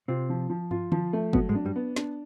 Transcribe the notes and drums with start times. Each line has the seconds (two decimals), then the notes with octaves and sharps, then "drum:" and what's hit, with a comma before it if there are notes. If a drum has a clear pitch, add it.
0.08 C3 C4 F4
0.30 F3
0.50 F3
0.71 F4, drum: tom
0.92 F3, drum: tom D3
1.13 A3
1.33 B2 F#3 B3, drum: kick
1.49 G#2 G#3
1.55 D4
1.65 G2 G3
1.76 B3
1.96 D4, drum: snare